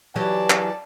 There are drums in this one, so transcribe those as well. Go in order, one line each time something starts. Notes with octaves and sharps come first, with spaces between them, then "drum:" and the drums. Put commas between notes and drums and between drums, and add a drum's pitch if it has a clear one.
E3 F#3 G4 D5 A5
drum: clap